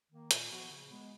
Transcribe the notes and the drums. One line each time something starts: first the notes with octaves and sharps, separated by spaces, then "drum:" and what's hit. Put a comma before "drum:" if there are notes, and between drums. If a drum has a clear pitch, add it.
D#3 A#3
A#2, drum: hi-hat
F3 B3 F#4
C#3
G#3 B3